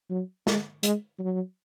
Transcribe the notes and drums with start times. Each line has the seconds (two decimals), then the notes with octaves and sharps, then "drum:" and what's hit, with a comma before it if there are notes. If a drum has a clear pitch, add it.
0.10 F#3
0.47 G#3, drum: snare
0.83 G#3, drum: hi-hat
1.19 F#3